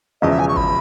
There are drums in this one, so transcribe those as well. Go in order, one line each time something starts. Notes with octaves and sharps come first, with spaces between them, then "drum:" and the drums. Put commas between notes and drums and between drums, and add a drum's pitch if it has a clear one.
E1 E2 C#3 F3 D#5
E5
G#5
C#6
B5, drum: kick